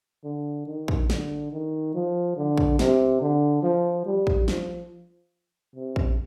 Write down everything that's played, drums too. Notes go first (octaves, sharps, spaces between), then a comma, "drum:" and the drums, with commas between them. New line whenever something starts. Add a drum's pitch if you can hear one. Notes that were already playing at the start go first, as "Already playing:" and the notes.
D3
D#3
drum: kick
D3, drum: snare
D#3
F3
D3
drum: kick
C3, drum: snare
D3
F3
G3
drum: kick
F3, drum: snare
C3
drum: kick